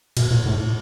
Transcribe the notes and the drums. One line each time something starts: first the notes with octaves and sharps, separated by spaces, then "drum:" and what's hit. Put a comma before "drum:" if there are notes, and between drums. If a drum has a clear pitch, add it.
B2, drum: cymbal
A#2
A2